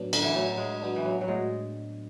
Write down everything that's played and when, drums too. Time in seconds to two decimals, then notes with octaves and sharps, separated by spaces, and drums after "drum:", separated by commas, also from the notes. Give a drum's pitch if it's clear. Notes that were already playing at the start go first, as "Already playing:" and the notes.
Already playing: A2 F#3 B3 D4
0.13 D3, drum: cymbal
0.23 E3
0.35 A2 F#3
0.57 G#3
0.82 F#3 B3 D4
0.96 E3
1.05 F#3
1.21 F#3
1.28 A2 G#3